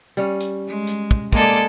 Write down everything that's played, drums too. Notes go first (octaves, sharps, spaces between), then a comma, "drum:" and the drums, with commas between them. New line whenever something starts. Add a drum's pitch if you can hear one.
G3 C#4
drum: hi-hat
G#3
drum: hi-hat
drum: kick
G#3 A#3 A4 D5, drum: kick, hi-hat